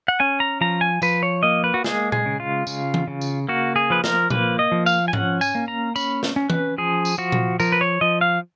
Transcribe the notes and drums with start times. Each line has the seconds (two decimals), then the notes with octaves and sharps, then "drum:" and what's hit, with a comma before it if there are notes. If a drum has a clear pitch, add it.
0.08 F#5
0.20 C#4 G#5
0.40 A#5
0.61 F3 A#5
0.81 G#5
1.02 F3 B4, drum: tambourine
1.23 C#5
1.43 A#3 D#5
1.64 B4
1.74 F#4
1.84 G#3 G#4, drum: snare
2.12 G#4, drum: tom A#2
2.26 C#3
2.40 F4
2.67 C#3, drum: tambourine
2.94 drum: tom E3
3.08 C#3
3.21 drum: tambourine
3.49 A#3 F#4
3.76 G#4
3.90 F3 B4
4.04 A#4, drum: snare
4.30 A#3 B4, drum: tom A#2
4.59 D#5
4.72 F3
4.86 F5, drum: tambourine
5.08 G#5
5.13 C#4 F#5, drum: tom G#2
5.41 G#5, drum: tambourine
5.55 A#3
5.68 A#5
5.96 C#4 B5, drum: tambourine
6.23 drum: snare
6.36 C#4
6.50 B4, drum: tom E3
6.78 F3 G#4
7.05 drum: tambourine
7.18 F3 F#4
7.32 drum: tom A#2
7.60 F3 A#4, drum: tambourine
7.72 B4
7.81 C#5
8.01 F3 D#5
8.21 F5